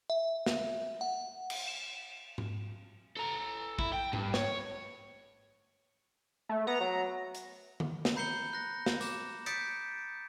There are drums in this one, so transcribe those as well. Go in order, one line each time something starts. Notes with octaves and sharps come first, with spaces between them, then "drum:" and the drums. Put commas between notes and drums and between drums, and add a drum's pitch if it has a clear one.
E5
drum: snare
F#5
drum: cymbal
E7
drum: tom G#2
A4 A#5
E4, drum: kick
G5
G2, drum: tom G#2
C#5, drum: snare
A3
B3 A#5
F#3
drum: hi-hat
drum: tom D3
drum: snare
A#5 B5 G6 C7 C#7 G7
F#6 A#6
drum: snare
D6 E7, drum: tambourine
D#6 G6 A6 B6 C#7 D7, drum: hi-hat